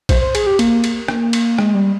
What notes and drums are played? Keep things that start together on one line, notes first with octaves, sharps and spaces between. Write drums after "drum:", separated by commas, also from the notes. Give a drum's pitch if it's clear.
C5, drum: kick, cymbal
C5
G#4, drum: cymbal
G4
A#3, drum: cymbal
drum: cymbal
drum: rim click
drum: cymbal
G#3, drum: rim click
G3